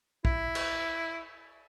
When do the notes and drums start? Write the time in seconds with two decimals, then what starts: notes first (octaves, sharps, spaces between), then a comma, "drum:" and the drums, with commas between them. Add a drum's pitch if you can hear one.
0.25 E4, drum: kick
0.55 drum: cymbal